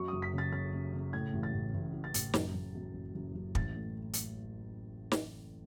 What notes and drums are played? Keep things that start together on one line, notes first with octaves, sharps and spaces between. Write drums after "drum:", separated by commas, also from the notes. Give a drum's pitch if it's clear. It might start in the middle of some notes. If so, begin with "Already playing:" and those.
Already playing: F#2 C#6
F#1 D#6
B6
C#3
A6
C#3 A6
C#3
C#3
A2 G#6
A1
A6
A1
A1
E3
A6
A1, drum: hi-hat
F#1, drum: snare
F#1
F#2
F#1
F#1
F#1
A1 A6, drum: kick
A2
drum: hi-hat
drum: snare